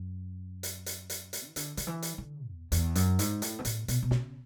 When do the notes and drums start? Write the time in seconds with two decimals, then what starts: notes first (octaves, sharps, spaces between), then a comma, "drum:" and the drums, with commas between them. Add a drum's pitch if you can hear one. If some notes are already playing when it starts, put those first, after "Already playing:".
Already playing: F#2
0.63 drum: hi-hat
0.86 drum: hi-hat
1.10 drum: hi-hat
1.33 drum: hi-hat
1.46 E3
1.56 D3, drum: hi-hat
1.77 D3, drum: hi-hat
1.87 E3
2.02 drum: hi-hat
2.18 D3
2.49 E2
2.72 E2, drum: hi-hat
2.95 F#2, drum: hi-hat
3.19 G#2, drum: hi-hat
3.42 A2, drum: hi-hat
3.59 B2
3.65 A2, drum: hi-hat
3.88 B2, drum: hi-hat
4.03 B2
4.11 C#3, drum: snare